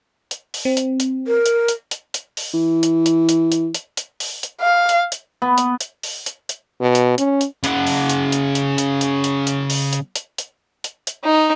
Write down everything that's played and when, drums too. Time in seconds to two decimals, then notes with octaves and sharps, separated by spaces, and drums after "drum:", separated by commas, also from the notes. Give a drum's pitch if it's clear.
0.31 drum: hi-hat
0.54 drum: open hi-hat
0.65 C4
0.77 drum: hi-hat
1.00 drum: hi-hat
1.27 A#4
1.46 drum: hi-hat
1.68 drum: hi-hat
1.91 drum: hi-hat
2.14 drum: hi-hat
2.37 drum: open hi-hat
2.54 E3
2.83 drum: hi-hat
3.06 drum: hi-hat
3.29 drum: hi-hat
3.52 drum: hi-hat
3.74 drum: hi-hat
3.97 drum: hi-hat
4.20 drum: open hi-hat
4.43 drum: hi-hat
4.61 F5
4.89 drum: hi-hat
5.12 drum: hi-hat
5.42 B3
5.58 drum: hi-hat
5.81 drum: hi-hat
6.03 drum: open hi-hat
6.26 drum: hi-hat
6.49 drum: hi-hat
6.81 B2
6.95 drum: hi-hat
7.18 C#4, drum: hi-hat
7.41 drum: hi-hat
7.64 C#3 F#5, drum: hi-hat
7.87 drum: open hi-hat
8.09 drum: hi-hat
8.32 drum: hi-hat
8.55 drum: hi-hat
8.78 drum: hi-hat
9.01 drum: hi-hat
9.24 drum: hi-hat
9.47 drum: hi-hat
9.70 drum: open hi-hat
9.93 drum: hi-hat
10.16 drum: hi-hat
10.38 drum: hi-hat
10.84 drum: hi-hat
11.07 drum: hi-hat
11.24 D#4